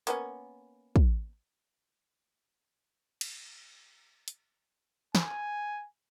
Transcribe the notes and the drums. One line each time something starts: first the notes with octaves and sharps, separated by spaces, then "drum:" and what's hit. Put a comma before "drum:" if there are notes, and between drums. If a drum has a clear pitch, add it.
A#3 B3 C#4, drum: hi-hat
drum: kick
drum: cymbal
drum: hi-hat
G#5, drum: snare